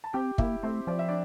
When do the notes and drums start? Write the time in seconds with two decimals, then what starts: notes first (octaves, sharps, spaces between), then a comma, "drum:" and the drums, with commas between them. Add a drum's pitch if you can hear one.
0.04 A5
0.13 C4 G4 G5
0.38 A#3 E4 E5, drum: kick
0.63 A3 C4 C5
0.87 F3 D5
0.99 E5
1.09 D4 D5